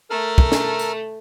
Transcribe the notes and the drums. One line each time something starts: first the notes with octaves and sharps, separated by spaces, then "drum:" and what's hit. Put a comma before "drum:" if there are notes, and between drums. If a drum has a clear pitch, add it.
A3 A4 A#4 F6
drum: kick
drum: snare
drum: tambourine